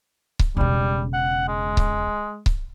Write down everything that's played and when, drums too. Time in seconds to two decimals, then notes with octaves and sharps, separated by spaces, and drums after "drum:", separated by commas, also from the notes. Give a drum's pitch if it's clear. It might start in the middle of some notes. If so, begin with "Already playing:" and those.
0.39 drum: kick C#1
0.57 E1 C#3 G3
1.14 F#5
1.48 G#3
1.77 drum: kick C#1
2.46 drum: kick C#1